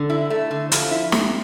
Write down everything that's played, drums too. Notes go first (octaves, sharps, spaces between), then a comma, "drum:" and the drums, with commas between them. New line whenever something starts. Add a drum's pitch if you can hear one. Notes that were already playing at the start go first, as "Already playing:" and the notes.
Already playing: D3
E4
A3
D3
F3, drum: hi-hat
E4
C4, drum: snare